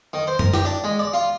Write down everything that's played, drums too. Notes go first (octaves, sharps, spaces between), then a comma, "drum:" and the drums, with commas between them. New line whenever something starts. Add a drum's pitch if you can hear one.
D#3
C5
A#4, drum: tom F#2
G4, drum: snare
D4
G#3
D5
F4